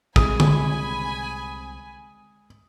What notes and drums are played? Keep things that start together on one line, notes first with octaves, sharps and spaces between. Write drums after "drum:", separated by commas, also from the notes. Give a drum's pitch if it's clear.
C2 C3 G#3 G#5 B5 D#6, drum: kick
drum: tom D3